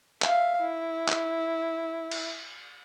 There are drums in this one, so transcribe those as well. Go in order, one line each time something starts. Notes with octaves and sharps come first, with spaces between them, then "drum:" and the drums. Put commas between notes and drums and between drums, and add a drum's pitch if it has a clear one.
E5 F5, drum: clap
E4
drum: clap
drum: cymbal